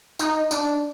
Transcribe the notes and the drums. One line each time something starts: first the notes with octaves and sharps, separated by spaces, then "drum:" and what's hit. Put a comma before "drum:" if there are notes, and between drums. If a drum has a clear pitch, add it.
D#4, drum: tambourine
D4, drum: tambourine